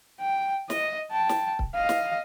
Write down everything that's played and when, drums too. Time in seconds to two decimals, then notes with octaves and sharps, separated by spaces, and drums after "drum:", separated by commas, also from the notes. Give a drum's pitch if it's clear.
0.21 G5
0.70 D#5, drum: snare
1.12 G5 A5
1.29 drum: snare
1.59 drum: kick C#1
1.75 D#5 F5
1.89 drum: snare